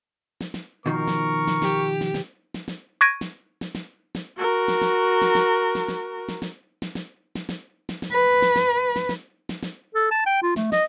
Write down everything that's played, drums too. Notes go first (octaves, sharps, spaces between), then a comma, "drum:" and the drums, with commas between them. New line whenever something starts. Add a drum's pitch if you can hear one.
drum: snare
drum: snare
B2 D#3 F3 A#4 C#6
drum: snare
drum: snare
G4, drum: snare
drum: snare
drum: snare
drum: snare
drum: snare
C#6 F#6 G#6 A#6 D7 D#7
drum: snare
drum: snare
drum: snare
drum: snare
F#4 A#4
drum: snare
drum: snare
drum: snare
drum: snare
drum: snare
drum: snare
drum: snare
drum: snare
drum: snare
drum: snare
drum: snare
drum: snare
drum: snare
drum: snare
B4
drum: snare
drum: snare
drum: snare
drum: snare
drum: snare
drum: snare
A4
A5
G5
F4
A3, drum: snare
D#5, drum: snare